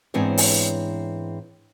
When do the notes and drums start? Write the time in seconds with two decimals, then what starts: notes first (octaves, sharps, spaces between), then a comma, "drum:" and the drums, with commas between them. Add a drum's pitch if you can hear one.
0.14 G#2 E3 B3 C4 D4 C#5
0.38 drum: open hi-hat